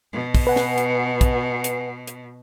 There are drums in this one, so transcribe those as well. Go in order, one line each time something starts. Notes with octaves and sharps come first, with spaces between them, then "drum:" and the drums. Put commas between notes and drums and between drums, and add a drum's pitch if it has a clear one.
B2
drum: kick, open hi-hat
B4 F#5 G#5
drum: snare
drum: hi-hat
drum: kick, hi-hat
drum: hi-hat
drum: hi-hat